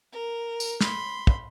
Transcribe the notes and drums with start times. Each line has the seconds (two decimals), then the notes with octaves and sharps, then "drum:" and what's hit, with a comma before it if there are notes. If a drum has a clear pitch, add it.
0.13 A#4
0.60 drum: tambourine
0.81 B5 C6, drum: snare
1.27 drum: kick